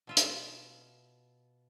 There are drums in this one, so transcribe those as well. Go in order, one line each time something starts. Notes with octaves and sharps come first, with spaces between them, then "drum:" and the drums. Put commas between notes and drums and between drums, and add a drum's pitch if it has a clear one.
B2 F4 E5
drum: hi-hat